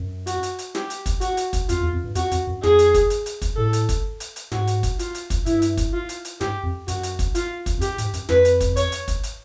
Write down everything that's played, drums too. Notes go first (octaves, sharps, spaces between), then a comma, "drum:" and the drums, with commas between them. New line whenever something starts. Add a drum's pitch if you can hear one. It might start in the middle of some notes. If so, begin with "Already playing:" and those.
Already playing: F#2
F#4, drum: hi-hat
drum: hi-hat
drum: hi-hat
G4, drum: snare
drum: hi-hat
drum: kick, hi-hat
F#4, drum: hi-hat
drum: hi-hat
drum: kick, hi-hat
F2 F4, drum: hi-hat
E2
F2
G2
F2 F#4, drum: hi-hat
F2, drum: hi-hat
F#2
F2 G#4, drum: snare
drum: hi-hat
drum: kick, hi-hat
drum: hi-hat
drum: hi-hat
drum: kick, hi-hat
A2 A4
drum: hi-hat
drum: kick, hi-hat
drum: hi-hat
drum: hi-hat
G#2 F#4, drum: snare
drum: hi-hat
drum: kick, hi-hat
F4, drum: hi-hat
drum: hi-hat
drum: kick, hi-hat
G2 E4, drum: hi-hat
drum: hi-hat
drum: kick, hi-hat
F4
drum: hi-hat
drum: hi-hat
G2 G4, drum: snare
F2
F#2 F#4, drum: hi-hat
drum: hi-hat
drum: kick, hi-hat
F4, drum: hi-hat
drum: kick, hi-hat
F2
F#2 G4, drum: hi-hat
G#2, drum: hi-hat
F#2, drum: hi-hat
F2 B4, drum: snare
drum: hi-hat
drum: kick, hi-hat
C#5, drum: hi-hat
drum: hi-hat
drum: kick, hi-hat
drum: hi-hat